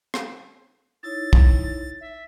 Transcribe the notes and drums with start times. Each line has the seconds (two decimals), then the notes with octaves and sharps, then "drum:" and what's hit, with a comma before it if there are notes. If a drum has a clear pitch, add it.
0.14 drum: rim click
1.03 D#4 E4 C#5 A6
1.33 drum: kick
2.01 E5